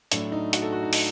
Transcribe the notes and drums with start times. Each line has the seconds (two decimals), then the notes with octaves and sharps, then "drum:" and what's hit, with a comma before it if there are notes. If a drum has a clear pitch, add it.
0.12 A2 F#3 A3 D4, drum: hi-hat
0.32 D#4
0.53 F#4, drum: hi-hat
0.62 A4
0.73 F#4
0.83 D#4
0.93 drum: open hi-hat